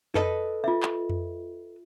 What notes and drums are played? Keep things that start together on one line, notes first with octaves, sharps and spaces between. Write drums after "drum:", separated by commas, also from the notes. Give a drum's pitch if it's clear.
A4 B4 D#5, drum: tom F2
F4 E5
drum: clap
drum: tom F2